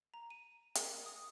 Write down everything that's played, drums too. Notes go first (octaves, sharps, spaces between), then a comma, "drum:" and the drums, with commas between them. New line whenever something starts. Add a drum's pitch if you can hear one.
A#5
D#7
A#4, drum: hi-hat
D#6